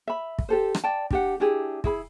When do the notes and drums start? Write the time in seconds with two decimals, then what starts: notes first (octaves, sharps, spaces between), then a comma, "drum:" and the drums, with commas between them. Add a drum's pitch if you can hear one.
0.08 E5 B5
0.39 drum: kick
0.49 G4 A4 C5
0.75 drum: rim click
0.84 D5 G5 A5
1.11 D4 G4 F#5, drum: kick
1.40 D4 E4 G4 G#4
1.84 E4 G#4 B5, drum: kick